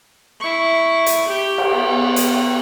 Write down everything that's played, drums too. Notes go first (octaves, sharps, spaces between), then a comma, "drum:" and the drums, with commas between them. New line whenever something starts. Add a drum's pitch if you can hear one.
E4 C#6
drum: hi-hat
G4
drum: cymbal
B3
drum: hi-hat